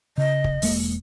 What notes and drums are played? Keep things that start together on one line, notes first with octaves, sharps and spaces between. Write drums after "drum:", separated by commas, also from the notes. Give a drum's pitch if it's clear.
C#3 D#5
drum: kick
E1 G#3 A#3, drum: open hi-hat